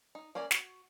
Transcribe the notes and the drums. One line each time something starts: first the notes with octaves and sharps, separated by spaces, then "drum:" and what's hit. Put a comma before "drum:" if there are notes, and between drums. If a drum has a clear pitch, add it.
D#4
A#3 C#4 D5 G#5 A#5
F#4, drum: snare